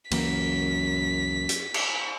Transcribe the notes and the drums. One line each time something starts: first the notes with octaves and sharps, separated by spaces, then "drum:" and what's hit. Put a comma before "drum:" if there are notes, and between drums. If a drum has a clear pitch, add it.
C#2 F#2 E3 A#3 B6, drum: cymbal
drum: hi-hat
drum: cymbal